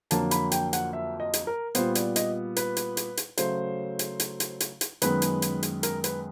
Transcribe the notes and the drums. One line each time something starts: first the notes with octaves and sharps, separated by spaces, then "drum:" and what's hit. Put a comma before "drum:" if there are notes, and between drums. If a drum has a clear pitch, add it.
F2 D3 F#3 A#3 A5, drum: hi-hat
B5, drum: hi-hat
G5, drum: hi-hat
F#5, drum: hi-hat
E5
D#5
drum: hi-hat
A#4
A#2 G3 B3 C5, drum: hi-hat
D5, drum: hi-hat
D#5, drum: hi-hat
B4, drum: hi-hat
drum: hi-hat
drum: hi-hat
drum: hi-hat
C#3 F#3 A3 C5, drum: hi-hat
drum: hi-hat
drum: hi-hat
drum: hi-hat
drum: hi-hat
drum: hi-hat
F#2 D#3 G#3 B3 B4, drum: hi-hat
drum: hi-hat
drum: hi-hat
drum: hi-hat
A#4, drum: hi-hat
B4, drum: hi-hat